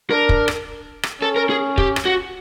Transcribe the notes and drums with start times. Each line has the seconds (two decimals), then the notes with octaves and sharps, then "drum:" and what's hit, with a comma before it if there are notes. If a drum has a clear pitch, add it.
0.10 D4 A#4
0.29 drum: kick
0.48 drum: rim click
1.03 drum: rim click
1.21 C#4 A4
1.36 A#4
1.50 G#4
1.78 G4, drum: kick
1.96 drum: rim click
2.05 F#4